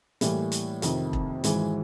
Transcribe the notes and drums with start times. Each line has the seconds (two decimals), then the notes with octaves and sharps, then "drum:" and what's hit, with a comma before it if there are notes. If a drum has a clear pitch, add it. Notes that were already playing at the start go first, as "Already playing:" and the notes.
0.21 A2 E3 G3 A#3, drum: hi-hat
0.52 drum: hi-hat
0.82 F2 C3 D#3, drum: hi-hat
1.13 drum: kick E1
1.44 G#1 G#2 E3 G#3, drum: hi-hat